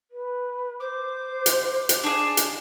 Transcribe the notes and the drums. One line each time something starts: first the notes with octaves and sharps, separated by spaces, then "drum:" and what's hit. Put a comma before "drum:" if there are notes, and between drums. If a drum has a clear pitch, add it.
B4
C5 D6
drum: hi-hat
drum: hi-hat
D4 G#4 A5
drum: hi-hat